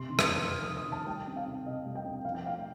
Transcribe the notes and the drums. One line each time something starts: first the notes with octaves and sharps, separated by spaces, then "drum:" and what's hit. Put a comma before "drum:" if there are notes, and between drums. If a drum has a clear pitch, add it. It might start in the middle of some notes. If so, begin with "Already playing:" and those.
Already playing: C3 C6
D#3
D#6, drum: rim click
F2
F2 F6
D#6
C3
D#6
D#3
A5
G3 G5
C4
F5
C3
C3 D#5
G3
G5
C4
F3 F5
G5
A3 F5